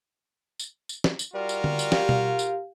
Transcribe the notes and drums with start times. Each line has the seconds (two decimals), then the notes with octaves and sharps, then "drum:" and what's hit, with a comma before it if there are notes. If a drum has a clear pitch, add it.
0.59 drum: tambourine
0.89 drum: tambourine
1.04 drum: snare
1.19 drum: tambourine
1.34 G3 F4 F#4 A#4
1.49 drum: tambourine
1.64 drum: tom D3
1.79 drum: tambourine
1.92 G4 F5, drum: snare
2.09 drum: tom B2
2.39 drum: tambourine